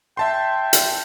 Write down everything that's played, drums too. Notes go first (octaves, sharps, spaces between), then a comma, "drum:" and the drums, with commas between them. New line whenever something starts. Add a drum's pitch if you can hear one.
E5 G5 A5 C6
drum: hi-hat